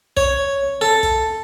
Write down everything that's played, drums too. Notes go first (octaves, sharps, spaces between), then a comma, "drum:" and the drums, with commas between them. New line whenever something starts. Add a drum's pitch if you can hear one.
C#5, drum: kick
A4
drum: kick, hi-hat